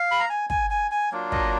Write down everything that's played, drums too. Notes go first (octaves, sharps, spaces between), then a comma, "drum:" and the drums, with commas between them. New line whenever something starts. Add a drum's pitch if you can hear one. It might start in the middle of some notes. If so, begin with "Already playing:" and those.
Already playing: F5
B5
A#5
G#5
G#5, drum: kick
G#5
G#5
F#3 A#3 D4 F4
D#5, drum: kick